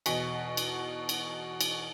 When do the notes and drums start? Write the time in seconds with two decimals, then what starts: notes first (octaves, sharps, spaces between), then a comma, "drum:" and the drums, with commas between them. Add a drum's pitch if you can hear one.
0.06 E2 B2 D#5 G#5 B6 C#7, drum: cymbal
0.57 drum: cymbal
1.09 drum: cymbal
1.61 drum: cymbal